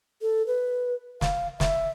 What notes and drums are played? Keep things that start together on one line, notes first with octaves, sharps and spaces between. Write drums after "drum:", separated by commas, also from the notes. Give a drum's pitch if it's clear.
A4
B4
F5, drum: snare
E5, drum: snare